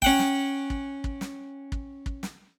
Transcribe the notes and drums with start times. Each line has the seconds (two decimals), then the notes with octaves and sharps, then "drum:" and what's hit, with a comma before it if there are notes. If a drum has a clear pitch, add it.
0.02 C#4 F#5 G5, drum: kick
0.19 drum: snare
0.70 drum: kick
1.04 drum: kick
1.21 drum: snare
1.72 drum: kick
2.06 drum: kick
2.23 drum: snare